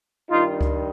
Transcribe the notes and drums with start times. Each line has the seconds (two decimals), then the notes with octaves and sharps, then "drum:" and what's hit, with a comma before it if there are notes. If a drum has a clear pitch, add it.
0.30 G2 D#3 D#4 F4
0.61 drum: kick C#2